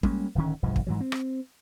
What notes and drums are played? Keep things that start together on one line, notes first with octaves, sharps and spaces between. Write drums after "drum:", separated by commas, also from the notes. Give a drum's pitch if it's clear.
G3 G#3 A#3 C#4, drum: kick
D1 D3 D#3 C#4
E1 B1 G2 F3
drum: kick
G#2 E3 F#3
C4
drum: rim click